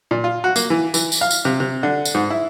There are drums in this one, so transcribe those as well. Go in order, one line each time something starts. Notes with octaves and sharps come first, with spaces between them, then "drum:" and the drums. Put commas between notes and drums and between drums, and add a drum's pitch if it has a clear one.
A#2
F4
F#4
A#3, drum: tambourine
E3
E3, drum: tambourine
drum: tambourine
F5
drum: tambourine
C3
C3
D3
drum: tambourine
G#2
E4